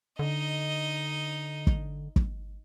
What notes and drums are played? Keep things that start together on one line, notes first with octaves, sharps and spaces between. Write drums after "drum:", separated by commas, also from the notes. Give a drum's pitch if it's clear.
D3 D#4 D#5
drum: kick
drum: kick